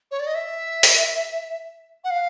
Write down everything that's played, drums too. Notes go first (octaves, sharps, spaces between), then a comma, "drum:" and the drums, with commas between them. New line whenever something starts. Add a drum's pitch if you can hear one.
C#5
D5
D#5
E5
drum: open hi-hat
F#5
F5